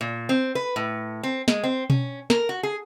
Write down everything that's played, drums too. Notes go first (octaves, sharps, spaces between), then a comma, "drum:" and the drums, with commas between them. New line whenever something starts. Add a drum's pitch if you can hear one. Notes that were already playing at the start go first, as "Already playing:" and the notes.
A#2
C4
B4
A2
C4
G#3, drum: snare
C4
C#4, drum: tom B2
A#4, drum: snare
F#4
G#4